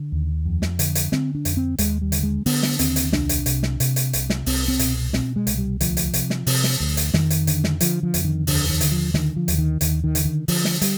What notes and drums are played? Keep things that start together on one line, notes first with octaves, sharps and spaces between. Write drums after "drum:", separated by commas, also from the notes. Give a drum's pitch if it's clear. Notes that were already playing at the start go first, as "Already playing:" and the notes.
Already playing: D3
D#2
F2
drum: snare
D3, drum: hi-hat
drum: hi-hat
D3 C4, drum: snare
D4
F2, drum: hi-hat
C4
D#2 G#3, drum: hi-hat
G3
D3, drum: hi-hat
G#3
D3 B3, drum: open hi-hat
drum: snare
D#2 C4, drum: hi-hat
drum: hi-hat
C2 D4, drum: snare
drum: hi-hat
C3, drum: hi-hat
drum: snare
C3, drum: hi-hat
drum: hi-hat
C2, drum: hi-hat
drum: snare
C2 C4, drum: open hi-hat
C4
B2, drum: hi-hat
B2 C4, drum: snare
G#3
C2, drum: hi-hat
G3
D2 F3, drum: hi-hat
drum: hi-hat
C3, drum: hi-hat
drum: snare
C3, drum: open hi-hat
drum: snare
D2
drum: hi-hat
F2 D#3, drum: snare
drum: hi-hat
D3, drum: hi-hat
drum: snare
D3 F3, drum: hi-hat
F3
F2, drum: hi-hat
D#3
D#2 D3, drum: open hi-hat
D#3
D3, drum: hi-hat
F3
D3 D#3, drum: snare
F3
D#2, drum: hi-hat
D#3
D#2 D#3, drum: hi-hat
D#3
D3, drum: hi-hat
D#3
D3 F3, drum: open hi-hat
drum: snare
G3, drum: hi-hat